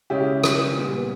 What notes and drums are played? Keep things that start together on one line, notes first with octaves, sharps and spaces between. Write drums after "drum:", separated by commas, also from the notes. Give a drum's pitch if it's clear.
C#3 G#3 C#4 E4 G4
drum: rim click
A#2 G3 B3